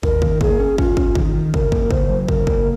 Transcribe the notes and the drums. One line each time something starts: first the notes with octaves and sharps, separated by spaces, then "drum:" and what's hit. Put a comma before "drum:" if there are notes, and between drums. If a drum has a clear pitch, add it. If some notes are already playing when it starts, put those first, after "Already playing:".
D#2 A#4, drum: kick
D#3, drum: kick
A#3 G#4, drum: kick
C#4
C#4 F4, drum: kick
C#4, drum: kick
D#3, drum: kick
D#3
C#3 A#4, drum: kick
A#3, drum: kick
C#3 C5, drum: kick
F#3
C#3 A#4, drum: kick
A#3, drum: kick